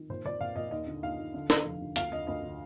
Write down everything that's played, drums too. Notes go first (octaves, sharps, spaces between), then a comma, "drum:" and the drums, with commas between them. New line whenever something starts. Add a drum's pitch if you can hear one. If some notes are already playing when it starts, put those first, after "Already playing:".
Already playing: D#3
A#2 C5
A#2 D5
A#2 F5
A#2 D#5
D#2 D#5
D3
D#2 F5
D#2
D3
D3, drum: snare
F1
D3
D2 F5, drum: hi-hat
D3 D#5
D2 D#5
D3